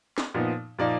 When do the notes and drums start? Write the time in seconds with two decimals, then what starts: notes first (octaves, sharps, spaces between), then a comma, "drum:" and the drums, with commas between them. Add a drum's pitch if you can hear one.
0.18 drum: snare
0.34 A#2 F3 B3 D#4
0.79 A#2 F3 A#3 D#4 D5